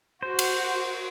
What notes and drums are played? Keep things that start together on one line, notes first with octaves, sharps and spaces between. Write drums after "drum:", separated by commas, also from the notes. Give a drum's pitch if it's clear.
F#4 C5
drum: cymbal